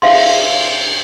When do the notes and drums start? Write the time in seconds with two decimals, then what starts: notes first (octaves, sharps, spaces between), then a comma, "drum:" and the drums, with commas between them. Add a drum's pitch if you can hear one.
0.02 E5 F5 C6, drum: cymbal